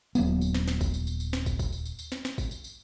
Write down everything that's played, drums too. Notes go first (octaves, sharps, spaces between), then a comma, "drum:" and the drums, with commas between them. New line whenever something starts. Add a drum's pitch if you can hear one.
D#1 F#3 A#3 B3, drum: tambourine
drum: tambourine
drum: snare
drum: snare
drum: kick, tambourine
drum: tambourine
drum: tambourine
drum: tambourine
drum: snare
drum: kick, tambourine
drum: kick, tambourine
drum: tambourine
drum: tambourine
drum: tambourine
drum: snare
drum: snare
drum: kick, tambourine
drum: tambourine
drum: tambourine